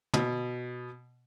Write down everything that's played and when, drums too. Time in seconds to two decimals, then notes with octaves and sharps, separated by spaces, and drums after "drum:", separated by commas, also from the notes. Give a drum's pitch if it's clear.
0.14 B2, drum: tom